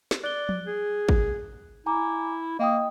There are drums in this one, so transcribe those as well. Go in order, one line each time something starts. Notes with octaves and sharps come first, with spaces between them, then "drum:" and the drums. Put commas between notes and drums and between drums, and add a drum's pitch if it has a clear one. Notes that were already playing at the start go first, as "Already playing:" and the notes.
drum: snare
D5 F#6 G7
drum: tom F3
G#4
drum: kick
E4 G#5 A#5 D6
A#3 D#5 G5 D#6